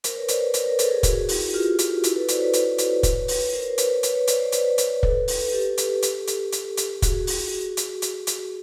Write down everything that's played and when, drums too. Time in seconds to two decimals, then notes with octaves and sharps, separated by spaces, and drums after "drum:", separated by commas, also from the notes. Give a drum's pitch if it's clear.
0.04 A#4 C5, drum: hi-hat
0.17 B4 C#5
0.28 C5 D5, drum: hi-hat
0.41 B4 C#5
0.54 A#4 C5, drum: hi-hat
0.66 A#4 C5
0.79 A4 B4, drum: hi-hat
0.91 G#4 A#4
1.03 F#4 G#4, drum: kick, hi-hat
1.29 E4 F#4, drum: open hi-hat
1.53 F4 G4
1.79 drum: hi-hat
2.04 E4 F#4, drum: hi-hat
2.16 A4 B4
2.28 C5 D5, drum: hi-hat
2.40 B4 C#5
2.53 drum: hi-hat
2.78 drum: hi-hat
3.03 drum: kick, hi-hat
3.28 drum: open hi-hat
3.53 A#4 C5
3.78 B4 C#5, drum: hi-hat
4.03 B4 C#5, drum: hi-hat
4.15 B4 C#5
4.27 C5 D5, drum: hi-hat
4.40 C5 D5
4.52 B4 C#5, drum: hi-hat
4.78 drum: hi-hat
5.03 A4 B4, drum: kick
5.28 drum: open hi-hat
5.53 G4 A4
5.78 drum: hi-hat
6.02 drum: hi-hat
6.27 drum: hi-hat
6.52 drum: hi-hat
6.77 drum: hi-hat
7.02 F#4 G#4, drum: kick, hi-hat
7.27 drum: open hi-hat
7.77 drum: hi-hat
8.02 drum: hi-hat
8.27 drum: hi-hat